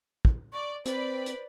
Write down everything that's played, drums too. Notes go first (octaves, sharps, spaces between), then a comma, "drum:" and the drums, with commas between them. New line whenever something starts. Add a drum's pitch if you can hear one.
drum: kick
D5 C#6
C4 B4 C5 D5 B5, drum: hi-hat
drum: hi-hat